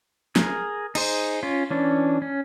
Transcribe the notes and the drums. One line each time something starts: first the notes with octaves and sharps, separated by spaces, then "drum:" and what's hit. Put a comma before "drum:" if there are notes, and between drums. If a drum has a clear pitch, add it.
G#4 A#4, drum: snare
D#4 G#4 C5, drum: cymbal
C#4 F4
E3 C#4 D4
C#4